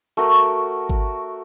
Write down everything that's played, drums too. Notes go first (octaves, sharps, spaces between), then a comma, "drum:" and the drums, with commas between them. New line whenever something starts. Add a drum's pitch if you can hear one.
A3 F#4 A#4
drum: kick G#1